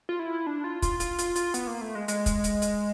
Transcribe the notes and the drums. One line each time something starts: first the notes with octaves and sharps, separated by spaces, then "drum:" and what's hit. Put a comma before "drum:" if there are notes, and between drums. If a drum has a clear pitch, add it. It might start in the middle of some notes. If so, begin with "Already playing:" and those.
F4
E4
D4
F4
F4, drum: kick, hi-hat
F4, drum: hi-hat
F4, drum: hi-hat
F4, drum: hi-hat
B3, drum: hi-hat
A#3
A3
G#3
G#3, drum: hi-hat
drum: kick, hi-hat
drum: hi-hat
drum: hi-hat